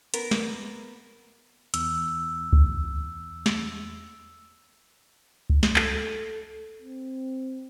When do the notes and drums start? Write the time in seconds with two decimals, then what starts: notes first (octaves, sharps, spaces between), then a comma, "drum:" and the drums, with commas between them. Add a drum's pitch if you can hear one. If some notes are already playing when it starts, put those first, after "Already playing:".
0.14 B3 A#4, drum: hi-hat
0.31 drum: snare
1.74 E2 E6, drum: hi-hat
2.53 drum: kick C#2
3.46 drum: snare
5.50 drum: kick C#2
5.63 drum: snare
5.76 A4, drum: clap
6.82 C4